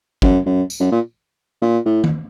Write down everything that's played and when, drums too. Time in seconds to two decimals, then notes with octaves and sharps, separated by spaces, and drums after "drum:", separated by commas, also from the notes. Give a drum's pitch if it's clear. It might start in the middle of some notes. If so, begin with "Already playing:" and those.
0.22 F#2, drum: kick
0.46 F#2
0.70 drum: tambourine
0.80 F#2
0.91 A#2
1.62 A#2
1.85 A2
2.04 drum: tom D#3